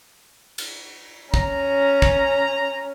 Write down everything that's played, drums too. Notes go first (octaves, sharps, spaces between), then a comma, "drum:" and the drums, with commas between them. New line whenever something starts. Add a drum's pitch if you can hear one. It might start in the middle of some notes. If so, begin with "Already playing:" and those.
drum: cymbal
C#4 A#5, drum: kick
drum: kick